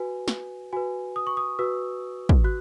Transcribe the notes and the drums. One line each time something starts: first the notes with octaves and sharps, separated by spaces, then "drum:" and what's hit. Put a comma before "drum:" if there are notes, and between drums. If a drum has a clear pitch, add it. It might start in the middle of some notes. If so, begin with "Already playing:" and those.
Already playing: F#4 B4 G#5
drum: snare
F#4 B4 G#5
D#6
C#6
D#6
F#4 B4 E6
drum: kick
F#4 F#6